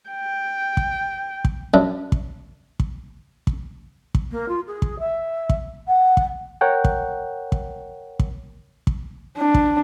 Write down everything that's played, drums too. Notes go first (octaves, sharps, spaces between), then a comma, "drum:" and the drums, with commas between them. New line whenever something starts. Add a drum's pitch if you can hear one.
G5
drum: kick
drum: kick
F#2 D4
drum: kick
drum: kick
drum: kick
drum: kick
A#3
F4
G#4
drum: kick
E5
drum: kick
F#5
drum: kick
A#4 C#5 F#5 G5
drum: kick
drum: kick
drum: kick
drum: kick
D4
drum: kick